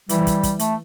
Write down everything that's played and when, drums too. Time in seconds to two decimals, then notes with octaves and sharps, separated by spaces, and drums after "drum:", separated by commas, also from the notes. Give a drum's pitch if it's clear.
0.09 E3 G3, drum: hi-hat
0.27 drum: kick, hi-hat
0.43 drum: kick, hi-hat
0.59 A3, drum: hi-hat